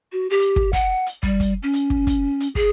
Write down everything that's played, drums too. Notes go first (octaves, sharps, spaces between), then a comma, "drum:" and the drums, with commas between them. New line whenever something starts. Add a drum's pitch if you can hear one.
F#4
G4
drum: hi-hat
drum: kick
F#5, drum: kick, hi-hat
drum: hi-hat
G3, drum: kick
drum: kick, hi-hat
C#4
drum: hi-hat
drum: kick
drum: kick, hi-hat
drum: hi-hat
G#4, drum: kick